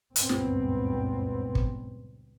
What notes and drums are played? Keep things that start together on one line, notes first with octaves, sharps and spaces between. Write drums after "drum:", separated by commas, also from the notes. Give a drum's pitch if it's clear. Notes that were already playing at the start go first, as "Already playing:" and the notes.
F#1 C#2 G2 A#2 B3 C4, drum: hi-hat
drum: snare
drum: kick